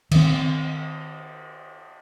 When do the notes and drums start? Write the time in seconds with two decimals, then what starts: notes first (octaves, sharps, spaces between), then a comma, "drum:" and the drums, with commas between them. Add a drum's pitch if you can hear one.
0.11 D#3 C4, drum: cymbal